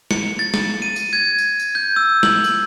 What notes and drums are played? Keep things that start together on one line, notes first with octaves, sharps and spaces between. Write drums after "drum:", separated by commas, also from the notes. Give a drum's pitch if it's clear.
C#7, drum: snare
A6
drum: snare
D#7
drum: tambourine
G#6
drum: tambourine
drum: tambourine
G6
E6
F#7, drum: snare
drum: tambourine